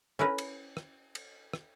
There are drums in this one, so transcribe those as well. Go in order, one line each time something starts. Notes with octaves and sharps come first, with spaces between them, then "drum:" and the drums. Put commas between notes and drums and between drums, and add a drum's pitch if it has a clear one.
C#4 E4 A#4 B4
drum: cymbal
drum: rim click
drum: cymbal
drum: rim click